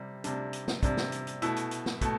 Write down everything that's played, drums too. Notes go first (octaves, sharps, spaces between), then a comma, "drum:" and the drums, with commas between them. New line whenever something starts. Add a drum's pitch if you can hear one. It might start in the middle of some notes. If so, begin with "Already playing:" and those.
Already playing: C3 G3
C3 G3 D4, drum: hi-hat
drum: hi-hat
drum: snare
C3 G3 D4, drum: kick, hi-hat
drum: snare
drum: hi-hat
drum: hi-hat
B2 A3 E4, drum: hi-hat
drum: hi-hat
drum: hi-hat
drum: snare
B2 A3, drum: kick, hi-hat